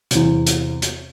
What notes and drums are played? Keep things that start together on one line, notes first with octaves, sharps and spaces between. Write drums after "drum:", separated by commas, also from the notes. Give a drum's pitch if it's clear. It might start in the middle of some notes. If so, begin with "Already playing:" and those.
E2 C3, drum: hi-hat
drum: hi-hat
drum: hi-hat